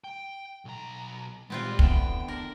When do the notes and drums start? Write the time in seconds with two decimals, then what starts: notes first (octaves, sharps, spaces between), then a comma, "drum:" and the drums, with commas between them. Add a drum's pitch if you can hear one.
0.04 G5
0.65 B1 A#5
1.50 A#2 G3 G#3 B3 C4 F4
1.79 D3 E3 B3 G5, drum: kick
2.28 D4 A#4